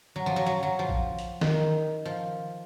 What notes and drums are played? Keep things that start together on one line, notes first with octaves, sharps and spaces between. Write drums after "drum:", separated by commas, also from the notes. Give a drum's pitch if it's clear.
F#3
F3
F#3
F#3
F#3
F3
drum: kick A#1
drum: hi-hat
D#3, drum: snare
F3